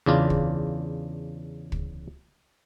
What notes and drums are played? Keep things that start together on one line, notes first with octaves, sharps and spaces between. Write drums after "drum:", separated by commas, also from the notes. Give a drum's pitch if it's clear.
E2 C#3 D4 F4
drum: kick
drum: kick